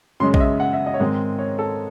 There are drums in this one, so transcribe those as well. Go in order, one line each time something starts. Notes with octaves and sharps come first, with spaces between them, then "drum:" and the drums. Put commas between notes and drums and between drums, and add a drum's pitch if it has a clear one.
F#2 C#3 G#3 C#4 C6
D#5, drum: kick A#1
E5
F#5
E5
D#5
C#5
G#2 D#3 G#3 C4 D#5
C#5
A4